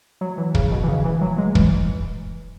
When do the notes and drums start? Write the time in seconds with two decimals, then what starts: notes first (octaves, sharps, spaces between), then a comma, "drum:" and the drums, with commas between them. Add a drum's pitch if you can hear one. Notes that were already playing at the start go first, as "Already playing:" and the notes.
0.21 F#3
0.38 E3
0.55 C#3, drum: kick
0.72 B2
0.84 E3
0.88 C#3
1.05 E3
1.21 F#3
1.38 G#3
1.55 E3, drum: kick